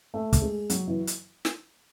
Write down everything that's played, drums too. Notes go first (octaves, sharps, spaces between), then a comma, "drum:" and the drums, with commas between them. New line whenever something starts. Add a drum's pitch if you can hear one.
A3
drum: kick, hi-hat
G#3
F#3, drum: hi-hat
E3
drum: hi-hat
drum: snare